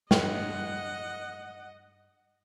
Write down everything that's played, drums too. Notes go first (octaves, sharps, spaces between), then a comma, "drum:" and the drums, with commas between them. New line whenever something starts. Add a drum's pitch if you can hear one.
G2 D#5 F#5 G5 C#6, drum: snare